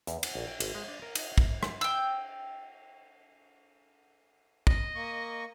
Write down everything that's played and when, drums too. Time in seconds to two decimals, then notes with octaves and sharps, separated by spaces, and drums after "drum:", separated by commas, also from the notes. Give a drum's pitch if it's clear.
0.07 E2, drum: hi-hat
0.23 F#5, drum: cymbal
0.35 A#1
0.48 G5
0.60 G#1, drum: cymbal
0.75 G#3
0.88 D4
1.02 A#4
1.15 D#4, drum: cymbal
1.38 drum: kick
1.63 drum: rim click
1.81 G5 E6
4.67 D#5, drum: kick
4.95 A#3 C#6